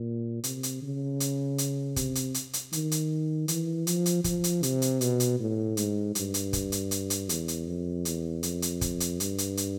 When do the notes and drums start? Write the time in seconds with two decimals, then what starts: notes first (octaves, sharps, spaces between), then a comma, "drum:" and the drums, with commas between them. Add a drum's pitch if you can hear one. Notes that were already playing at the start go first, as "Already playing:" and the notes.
Already playing: A#2
0.44 C3, drum: hi-hat
0.63 drum: hi-hat
0.82 C#3
1.20 drum: hi-hat
1.58 drum: hi-hat
1.96 C3, drum: kick, hi-hat
2.15 drum: hi-hat
2.34 drum: hi-hat
2.53 drum: hi-hat
2.73 D#3, drum: hi-hat
2.91 drum: hi-hat
3.48 E3, drum: hi-hat
3.87 F3, drum: hi-hat
4.06 drum: hi-hat
4.24 F3, drum: kick, hi-hat
4.44 drum: hi-hat
4.63 C3, drum: hi-hat
4.82 drum: hi-hat
5.01 B2, drum: hi-hat
5.20 drum: hi-hat
5.39 A2
5.77 G#2, drum: hi-hat
6.15 G2, drum: hi-hat
6.34 drum: hi-hat
6.53 drum: kick, hi-hat
6.72 drum: hi-hat
6.91 drum: hi-hat
7.10 drum: hi-hat
7.29 E2, drum: hi-hat
7.48 drum: hi-hat
7.67 F2
8.05 E2, drum: hi-hat
8.43 F2, drum: hi-hat
8.62 drum: hi-hat
8.81 drum: kick, hi-hat
9.00 drum: hi-hat
9.20 G2, drum: hi-hat
9.38 drum: hi-hat
9.57 drum: hi-hat